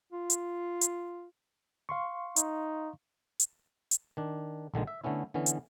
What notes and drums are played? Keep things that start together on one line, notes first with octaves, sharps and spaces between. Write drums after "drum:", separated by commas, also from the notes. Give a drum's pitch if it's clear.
F4
drum: hi-hat
drum: hi-hat
F5 C6 C#6
D#4, drum: hi-hat
drum: hi-hat
drum: hi-hat
D#3 D4
A#1 D3 D#3 G#3
E5
D3 A3 B3 C#4 E4
D3 E3 B3 C#4
drum: hi-hat